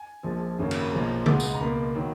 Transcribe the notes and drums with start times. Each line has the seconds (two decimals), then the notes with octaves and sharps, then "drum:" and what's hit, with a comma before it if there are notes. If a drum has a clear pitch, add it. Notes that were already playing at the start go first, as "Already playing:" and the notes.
Already playing: G#5
0.23 A#1 A#2 F3 G#3
0.58 G#1 F#2 C#3 F#3 A#3
0.71 drum: cymbal
0.81 B5
0.91 B1 A#2 F3 G#3 A#5
1.26 C#2 B2 G#3 B3, drum: tom
1.40 drum: tambourine
1.54 A#5
1.60 C#2 B2 A#3 B5
1.95 D#3 F#3